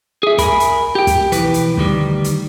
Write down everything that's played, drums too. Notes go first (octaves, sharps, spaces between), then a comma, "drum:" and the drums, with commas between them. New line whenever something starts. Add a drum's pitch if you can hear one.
G#4 E5
A#4 G#5 B5, drum: kick, hi-hat
drum: hi-hat
G4 G5
drum: kick, hi-hat
B1 F2 E3 B4, drum: hi-hat
drum: hi-hat
D2 D#3 G3, drum: kick
drum: hi-hat